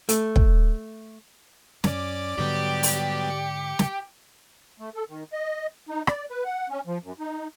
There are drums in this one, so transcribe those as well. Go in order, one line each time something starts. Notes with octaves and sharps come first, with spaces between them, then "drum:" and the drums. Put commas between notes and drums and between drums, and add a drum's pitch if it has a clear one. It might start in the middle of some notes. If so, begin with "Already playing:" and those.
A3, drum: hi-hat
drum: kick
F#2 C#4 D5 D6, drum: snare
G#2 D3 F#3 G3 B3 G4
drum: open hi-hat
C#7
drum: snare
A3
A4
D#3
D#5
D#4
D5, drum: rim click
B4
F#5
C#4
F3
F#2
D#4